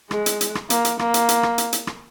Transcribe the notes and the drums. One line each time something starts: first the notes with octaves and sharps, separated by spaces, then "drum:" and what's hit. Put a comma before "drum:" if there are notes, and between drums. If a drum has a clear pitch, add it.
G#3, drum: rim click
drum: hi-hat
drum: hi-hat
drum: rim click
A#3, drum: hi-hat
drum: hi-hat
A#3, drum: rim click
drum: hi-hat
drum: hi-hat
drum: rim click
drum: hi-hat
drum: hi-hat
drum: rim click